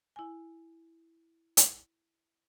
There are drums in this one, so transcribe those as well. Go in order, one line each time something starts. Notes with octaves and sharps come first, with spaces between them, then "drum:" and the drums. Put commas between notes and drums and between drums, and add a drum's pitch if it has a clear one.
E4 G#5
drum: hi-hat